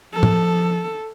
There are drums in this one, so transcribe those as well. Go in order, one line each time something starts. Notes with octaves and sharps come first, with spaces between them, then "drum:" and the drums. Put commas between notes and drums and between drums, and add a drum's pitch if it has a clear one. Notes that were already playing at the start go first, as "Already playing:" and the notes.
F3 A4
drum: tom